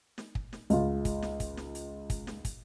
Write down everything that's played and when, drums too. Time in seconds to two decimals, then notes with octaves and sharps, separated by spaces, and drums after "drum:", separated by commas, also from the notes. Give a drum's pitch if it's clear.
0.18 drum: snare
0.35 drum: kick
0.53 drum: snare
0.70 C#2 F4, drum: hi-hat
1.05 drum: kick, hi-hat
1.22 drum: snare
1.40 drum: kick, hi-hat
1.57 drum: snare
1.75 drum: hi-hat
2.10 drum: kick, hi-hat
2.27 drum: snare
2.45 drum: kick, hi-hat